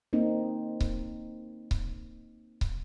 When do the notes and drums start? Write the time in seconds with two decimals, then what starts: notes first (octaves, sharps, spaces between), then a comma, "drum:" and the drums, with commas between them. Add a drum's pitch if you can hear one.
0.13 A#3 C4 D#4
0.80 drum: kick C#1
1.71 drum: kick C#1
2.61 drum: kick C#1